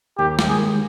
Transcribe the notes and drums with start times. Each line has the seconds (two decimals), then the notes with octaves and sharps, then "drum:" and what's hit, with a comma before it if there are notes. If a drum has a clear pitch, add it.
0.18 D#2 G4
0.39 drum: snare
0.48 D#3 G#3 G#4